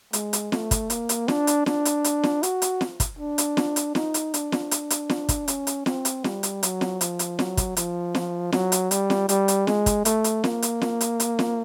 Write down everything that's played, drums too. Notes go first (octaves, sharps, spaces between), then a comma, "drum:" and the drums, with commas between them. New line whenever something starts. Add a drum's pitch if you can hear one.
G#3, drum: hi-hat
drum: hi-hat
A3, drum: snare
drum: kick, hi-hat
A#3, drum: hi-hat
drum: hi-hat
D4, drum: snare
drum: hi-hat
D4, drum: snare
drum: hi-hat
drum: hi-hat
drum: snare
F#4, drum: hi-hat
drum: hi-hat
drum: snare
drum: kick, hi-hat
D4
drum: hi-hat
drum: snare
drum: hi-hat
D#4, drum: snare
drum: hi-hat
D4, drum: hi-hat
drum: snare
drum: hi-hat
drum: hi-hat
drum: snare
drum: kick, hi-hat
C#4, drum: hi-hat
drum: hi-hat
C4, drum: snare
drum: hi-hat
G3, drum: snare
drum: hi-hat
F#3, drum: hi-hat
drum: snare
F3, drum: hi-hat
drum: hi-hat
F#3, drum: snare
drum: kick, hi-hat
F3, drum: hi-hat
drum: snare
F#3, drum: snare
drum: hi-hat
G3, drum: hi-hat
drum: snare
G3, drum: hi-hat
drum: hi-hat
G#3, drum: snare
drum: kick, hi-hat
A3, drum: hi-hat
drum: hi-hat
A#3, drum: snare
drum: hi-hat
drum: snare
drum: hi-hat
drum: hi-hat
drum: snare